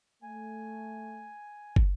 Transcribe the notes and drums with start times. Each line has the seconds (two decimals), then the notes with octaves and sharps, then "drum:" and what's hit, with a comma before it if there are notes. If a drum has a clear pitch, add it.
0.23 A3 G#5
1.76 drum: kick